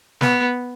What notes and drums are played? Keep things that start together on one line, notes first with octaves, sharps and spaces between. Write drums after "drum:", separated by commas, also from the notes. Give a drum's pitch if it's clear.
B3, drum: snare